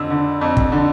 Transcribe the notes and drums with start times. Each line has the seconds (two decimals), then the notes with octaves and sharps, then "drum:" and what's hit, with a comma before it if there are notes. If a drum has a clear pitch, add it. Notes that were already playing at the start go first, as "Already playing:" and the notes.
Already playing: F2 D3 E6
0.10 D3
0.41 F2
0.57 drum: kick
0.72 D3